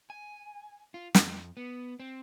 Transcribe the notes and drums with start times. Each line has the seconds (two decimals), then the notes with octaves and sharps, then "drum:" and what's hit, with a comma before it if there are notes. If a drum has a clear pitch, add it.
0.10 G#5
0.94 F4
1.15 F2, drum: snare
1.57 B3
2.00 C4